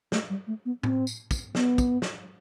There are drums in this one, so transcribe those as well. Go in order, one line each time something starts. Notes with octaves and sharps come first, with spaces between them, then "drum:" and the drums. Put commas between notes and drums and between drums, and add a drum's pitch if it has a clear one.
A3, drum: snare
G3
A3
B3
C4, drum: tom A2
drum: tambourine
drum: kick, tambourine
B3, drum: snare
drum: kick, tambourine
drum: snare